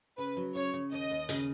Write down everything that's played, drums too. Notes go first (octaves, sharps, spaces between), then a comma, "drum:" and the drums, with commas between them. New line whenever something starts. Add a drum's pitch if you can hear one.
C#3 B4
F#3
C#3 C#5
C#3
D#2 D#5
D#2
C#3, drum: hi-hat